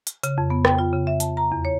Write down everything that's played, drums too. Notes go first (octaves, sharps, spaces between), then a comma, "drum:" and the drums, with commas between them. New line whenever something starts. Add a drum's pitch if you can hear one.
drum: hi-hat
C#3, drum: hi-hat
F2
B3
G5, drum: rim click
F4
C#3
E5
A5, drum: hi-hat
A#5
E2
C#5